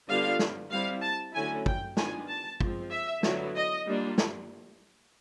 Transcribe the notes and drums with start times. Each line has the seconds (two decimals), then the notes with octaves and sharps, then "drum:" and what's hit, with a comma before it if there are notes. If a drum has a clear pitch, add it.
0.08 D3 G3 B3 D4 F4 F5
0.39 drum: snare
0.71 G3 C4 E4 F5
1.02 A5
1.33 D3 F#3 A3 C#4 E4 G#5
1.66 G5, drum: kick
1.97 D#3 G3 B3 D4 F4 G#5, drum: snare
2.28 A5
2.61 F3 G#3 C4, drum: kick
2.91 E5
3.23 D3 F#3 B3 E4, drum: snare
3.55 D#5
3.87 G3 A#3 D4 F4
4.18 drum: snare